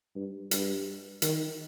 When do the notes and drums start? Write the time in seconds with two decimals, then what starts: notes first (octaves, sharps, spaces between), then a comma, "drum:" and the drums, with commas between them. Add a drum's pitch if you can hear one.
0.15 G2
0.51 G2, drum: hi-hat
1.22 D#3, drum: hi-hat